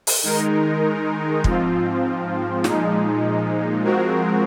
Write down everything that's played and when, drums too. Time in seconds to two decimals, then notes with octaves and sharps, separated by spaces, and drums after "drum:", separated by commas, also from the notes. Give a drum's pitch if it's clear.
0.07 drum: open hi-hat
0.23 D#3 G#3 D#4 A#4
1.44 G#2 F3 C4 F4, drum: kick
2.64 A#2 F3 G#3 D#4, drum: snare
3.84 F3 G#3 C4 F#4 A#4